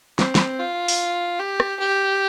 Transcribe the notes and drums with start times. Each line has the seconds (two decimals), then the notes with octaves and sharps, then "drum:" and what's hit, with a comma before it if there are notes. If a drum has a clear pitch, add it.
0.19 C4, drum: snare
0.35 drum: snare
0.60 F4
0.88 drum: open hi-hat
1.39 G4
1.60 drum: rim click
1.80 G4